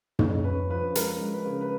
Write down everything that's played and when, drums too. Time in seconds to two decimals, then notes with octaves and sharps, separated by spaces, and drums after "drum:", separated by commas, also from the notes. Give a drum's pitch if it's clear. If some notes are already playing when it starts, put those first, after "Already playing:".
0.19 C#4, drum: tom
0.44 C#4 B4
0.69 F3 B4
0.95 G#3 A#4, drum: hi-hat
1.21 G#3
1.33 B4
1.45 C#3
1.61 B4